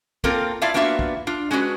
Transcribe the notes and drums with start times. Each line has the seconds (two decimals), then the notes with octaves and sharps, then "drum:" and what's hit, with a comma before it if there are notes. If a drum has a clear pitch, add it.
0.24 A#3 C4 F4 A4 A#4, drum: kick
0.62 E4 F4 D5 E5 F5 A5
0.74 A#3 B3 D4 F4 F#4 E5
0.99 drum: kick
1.27 D4 F4
1.51 G#3 C#4 D4 F#4 B4